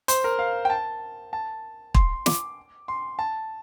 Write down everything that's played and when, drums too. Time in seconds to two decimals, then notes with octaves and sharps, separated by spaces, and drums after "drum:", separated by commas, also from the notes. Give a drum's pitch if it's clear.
0.08 C5, drum: hi-hat
0.24 A#4
0.39 F5
0.65 G5
0.70 A5
1.33 A5
1.94 C6, drum: kick
2.26 D6, drum: snare
2.88 C6
3.19 A5